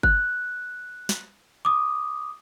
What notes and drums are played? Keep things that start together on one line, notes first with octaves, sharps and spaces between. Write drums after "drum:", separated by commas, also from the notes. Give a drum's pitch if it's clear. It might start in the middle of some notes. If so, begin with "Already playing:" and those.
F#6, drum: kick G1
drum: snare
D6 D#6